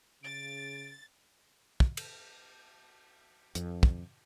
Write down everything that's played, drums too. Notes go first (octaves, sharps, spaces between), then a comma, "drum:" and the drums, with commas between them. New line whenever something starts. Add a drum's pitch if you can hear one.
C#3 A6 D7
drum: kick
drum: cymbal
F2, drum: hi-hat
drum: kick